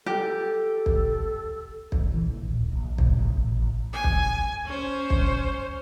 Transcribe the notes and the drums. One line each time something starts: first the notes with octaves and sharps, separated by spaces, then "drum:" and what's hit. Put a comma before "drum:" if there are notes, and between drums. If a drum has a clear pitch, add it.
G4 A4
drum: kick
drum: kick
E3
A#1
D1
A#1
B1, drum: kick
A1
A1
A1
G#5
drum: kick
C#4 C5
drum: kick